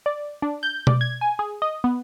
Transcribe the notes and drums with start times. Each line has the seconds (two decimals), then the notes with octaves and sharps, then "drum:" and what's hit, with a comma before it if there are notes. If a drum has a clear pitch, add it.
0.06 D5
0.42 D4
0.63 G6
0.87 D5, drum: tom B2
1.01 G#6
1.21 G#5
1.39 G#4
1.62 D#5
1.84 B3